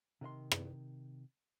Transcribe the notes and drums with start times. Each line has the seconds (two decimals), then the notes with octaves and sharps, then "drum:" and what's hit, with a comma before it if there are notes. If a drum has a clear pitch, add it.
0.21 C3 D#3 D#5 C6
0.52 drum: rim click